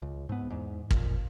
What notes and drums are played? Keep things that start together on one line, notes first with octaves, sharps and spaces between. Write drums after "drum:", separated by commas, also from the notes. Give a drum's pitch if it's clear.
C#2
G#2 B3
E2 G#2
F2 A#2, drum: kick